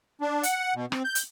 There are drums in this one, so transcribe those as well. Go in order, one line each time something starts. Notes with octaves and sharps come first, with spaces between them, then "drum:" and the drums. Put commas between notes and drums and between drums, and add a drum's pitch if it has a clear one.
D4
F#5, drum: hi-hat
B2
C4, drum: rim click
G6
drum: hi-hat